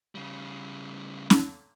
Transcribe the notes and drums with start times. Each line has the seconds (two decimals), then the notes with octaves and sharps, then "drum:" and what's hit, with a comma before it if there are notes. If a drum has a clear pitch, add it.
0.15 C#3 G3
1.30 drum: snare C#4